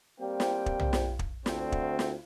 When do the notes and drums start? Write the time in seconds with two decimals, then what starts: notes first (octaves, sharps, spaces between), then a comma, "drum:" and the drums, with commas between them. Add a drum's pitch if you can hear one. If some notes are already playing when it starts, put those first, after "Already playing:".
0.20 G3 A#3 C4 G5
0.40 drum: snare
0.66 drum: kick
0.80 drum: tom
0.93 drum: snare
1.19 drum: kick
1.46 D2 C4, drum: snare
1.72 drum: kick
1.99 drum: snare